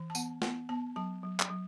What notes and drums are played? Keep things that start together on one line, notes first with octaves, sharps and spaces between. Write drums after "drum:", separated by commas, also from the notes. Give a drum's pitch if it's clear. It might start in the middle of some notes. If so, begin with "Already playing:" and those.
Already playing: E3
A5
B3 F#5, drum: tambourine
B3 F#5, drum: snare
B3 A5
F#3 A5
F#3
drum: clap
F#3